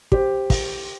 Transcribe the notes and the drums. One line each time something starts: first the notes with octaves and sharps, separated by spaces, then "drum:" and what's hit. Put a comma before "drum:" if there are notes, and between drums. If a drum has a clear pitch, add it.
G4 C5, drum: kick
drum: kick, open hi-hat